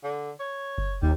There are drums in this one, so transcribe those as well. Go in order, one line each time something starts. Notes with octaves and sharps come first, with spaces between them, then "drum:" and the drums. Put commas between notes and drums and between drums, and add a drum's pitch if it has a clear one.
D3
C#5
drum: kick F#1
D#2 G3